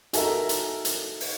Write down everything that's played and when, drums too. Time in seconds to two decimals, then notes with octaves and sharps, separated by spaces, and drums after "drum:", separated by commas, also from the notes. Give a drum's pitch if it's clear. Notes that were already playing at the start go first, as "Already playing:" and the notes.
0.13 D#4 F#4 A4 A#4 E5 G#5, drum: hi-hat
0.49 drum: hi-hat
0.85 drum: hi-hat
1.20 drum: open hi-hat